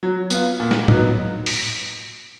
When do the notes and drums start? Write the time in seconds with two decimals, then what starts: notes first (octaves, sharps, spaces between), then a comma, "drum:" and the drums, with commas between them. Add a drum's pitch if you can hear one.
0.03 F#3
0.30 B3 F4, drum: tambourine
0.60 A#2
0.71 drum: snare
0.88 F#3 B3 D#4, drum: tom A2
1.46 drum: open hi-hat